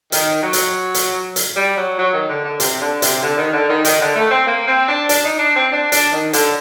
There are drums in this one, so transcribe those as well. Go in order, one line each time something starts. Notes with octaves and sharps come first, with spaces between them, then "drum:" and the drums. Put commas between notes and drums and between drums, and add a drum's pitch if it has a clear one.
D#3, drum: hi-hat
F#3
drum: hi-hat
drum: hi-hat
drum: hi-hat
G3
F#3
F#3
D#3
D3
D3
C3, drum: hi-hat
D3
C3, drum: hi-hat
D3
D#3
D3
D#3
D#3, drum: hi-hat
D3
A3
C4
A#3
C4
D4
D4, drum: hi-hat
D#4
D4
C4
D4
D4, drum: hi-hat
D#3
D3, drum: hi-hat